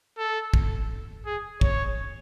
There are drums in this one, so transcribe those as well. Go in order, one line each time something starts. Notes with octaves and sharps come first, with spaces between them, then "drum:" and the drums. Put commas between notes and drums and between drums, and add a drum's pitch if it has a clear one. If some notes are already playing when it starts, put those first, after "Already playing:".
A4
drum: kick
G#4
C#5, drum: kick